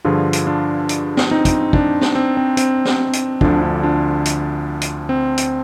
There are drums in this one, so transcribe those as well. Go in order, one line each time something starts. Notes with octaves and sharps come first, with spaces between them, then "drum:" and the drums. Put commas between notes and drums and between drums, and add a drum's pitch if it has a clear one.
G2 D3 F3 F4 G#4
drum: hi-hat
D4 F4
drum: hi-hat
drum: snare
C4 D#4
drum: kick, hi-hat
D4, drum: kick
drum: snare
C4
C4
C4, drum: hi-hat
drum: snare
drum: hi-hat
D2 D3 F3 D4, drum: kick
D4
D4 F4
drum: hi-hat
drum: hi-hat
C4
drum: hi-hat